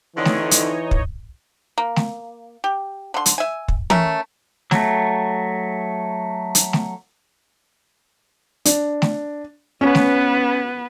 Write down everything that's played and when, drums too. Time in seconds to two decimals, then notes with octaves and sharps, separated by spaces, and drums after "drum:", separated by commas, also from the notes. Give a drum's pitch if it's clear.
0.16 F2 D3 E3 D#4 C#5 D#5
0.25 drum: snare A3
0.51 drum: hi-hat
0.91 drum: kick
1.78 A#3
1.96 drum: snare A3
2.64 G4
3.14 D3 C6
3.26 drum: hi-hat
3.38 E5 G#5
3.68 drum: kick
3.90 A3 C#4 A#4, drum: tom
4.71 F#3 A3, drum: snare A3
6.55 drum: hi-hat
6.73 drum: snare A3
8.65 D4, drum: hi-hat
9.02 drum: snare A3
9.81 B3 C#4 B4
9.95 drum: snare A3